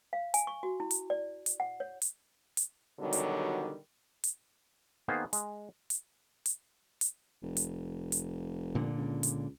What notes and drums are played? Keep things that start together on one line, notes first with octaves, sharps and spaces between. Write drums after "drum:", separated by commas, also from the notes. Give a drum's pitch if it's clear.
F5
G#5, drum: hi-hat
C#6
F#4
E4
drum: hi-hat
D5
drum: hi-hat
F#5
C#5
drum: hi-hat
drum: hi-hat
B2 D3 D#3 F#3 G3
drum: hi-hat
drum: hi-hat
D#3 A#3 B3 G#4 C5
G#3, drum: hi-hat
drum: hi-hat
drum: hi-hat
drum: hi-hat
F1
drum: hi-hat
drum: hi-hat
A#2 D3
C#2
drum: hi-hat